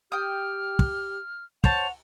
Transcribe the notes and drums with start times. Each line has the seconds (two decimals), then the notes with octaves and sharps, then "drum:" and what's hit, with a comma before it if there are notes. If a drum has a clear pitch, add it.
0.12 G4 G5 D#6 F6
0.79 drum: kick
1.64 C5 C#5 F#5 A5 F7, drum: kick